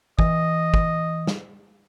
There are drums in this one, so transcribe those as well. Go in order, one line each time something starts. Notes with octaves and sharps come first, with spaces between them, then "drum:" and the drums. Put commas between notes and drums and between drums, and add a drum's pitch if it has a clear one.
E3 D#5, drum: kick
drum: kick
drum: snare